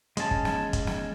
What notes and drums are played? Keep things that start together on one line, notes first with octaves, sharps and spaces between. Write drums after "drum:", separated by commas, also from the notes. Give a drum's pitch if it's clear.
G#3 C#4 A5, drum: hi-hat
drum: kick
drum: snare
drum: kick, hi-hat
drum: snare